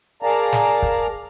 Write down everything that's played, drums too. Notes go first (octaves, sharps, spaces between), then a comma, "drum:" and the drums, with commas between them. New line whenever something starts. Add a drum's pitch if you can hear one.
G#4 A#4 D5 F5 A5 A#5
drum: snare
drum: kick